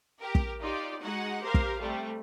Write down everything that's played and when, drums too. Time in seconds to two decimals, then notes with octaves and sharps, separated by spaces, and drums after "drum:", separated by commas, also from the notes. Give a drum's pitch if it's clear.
0.20 G4 A#4
0.35 drum: kick
0.60 D#4 F4 G4 D5
1.02 G#3 D#4 F#4 F#5
1.41 G4 A#4 C5 F5
1.54 drum: kick
1.80 C3 G3 A3